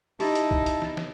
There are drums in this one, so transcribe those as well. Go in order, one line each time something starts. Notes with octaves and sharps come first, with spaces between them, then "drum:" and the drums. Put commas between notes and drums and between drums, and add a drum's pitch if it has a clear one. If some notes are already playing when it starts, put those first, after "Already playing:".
D#4 E4 G4 A5, drum: open hi-hat
drum: hi-hat
drum: kick C2
drum: hi-hat
drum: snare
drum: snare